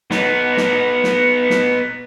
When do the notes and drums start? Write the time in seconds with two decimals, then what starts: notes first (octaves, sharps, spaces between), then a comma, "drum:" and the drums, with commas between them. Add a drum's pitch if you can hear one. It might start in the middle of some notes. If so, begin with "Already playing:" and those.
0.11 B3 D#4, drum: snare
0.57 drum: snare
1.04 drum: snare
1.50 drum: snare